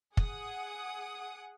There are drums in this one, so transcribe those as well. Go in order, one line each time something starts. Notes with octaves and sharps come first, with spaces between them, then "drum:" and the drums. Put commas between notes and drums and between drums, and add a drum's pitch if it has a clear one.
G#4 F#5 D#6, drum: kick